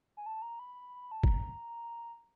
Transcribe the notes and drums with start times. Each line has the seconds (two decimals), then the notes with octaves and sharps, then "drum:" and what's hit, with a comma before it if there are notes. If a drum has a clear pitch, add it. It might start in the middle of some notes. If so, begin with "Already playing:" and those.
0.17 G#5
0.26 A5
0.42 A#5
0.59 B5
1.12 A5
1.24 A#5, drum: kick